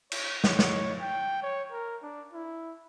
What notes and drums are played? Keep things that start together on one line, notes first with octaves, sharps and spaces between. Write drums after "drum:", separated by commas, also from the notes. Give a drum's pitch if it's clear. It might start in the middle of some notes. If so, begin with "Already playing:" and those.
C#5, drum: cymbal
C#5, drum: snare
drum: snare
G5
C#5
A#4
D4
E4